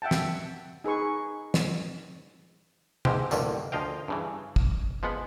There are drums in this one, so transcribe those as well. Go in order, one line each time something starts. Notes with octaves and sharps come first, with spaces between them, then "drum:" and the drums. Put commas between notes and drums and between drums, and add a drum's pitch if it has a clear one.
E5 F#5 G5 A5
drum: snare
D#4 G#4 B4 C#6
drum: snare
G#2 E3 F3 G#3 C4 G4, drum: tom C3
A1 D2 G2 A#2 D3 D#3, drum: tambourine
D2 F3 D#5 F5 G5
G2 C#3 E3
drum: kick
F3 G#3 B3 F#5